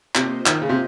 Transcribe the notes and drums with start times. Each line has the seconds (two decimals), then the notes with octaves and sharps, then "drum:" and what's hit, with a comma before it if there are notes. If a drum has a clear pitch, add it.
0.15 C3 A#3 F4 C5 D#5, drum: clap
0.46 D#3, drum: clap
0.62 C#3
0.69 C3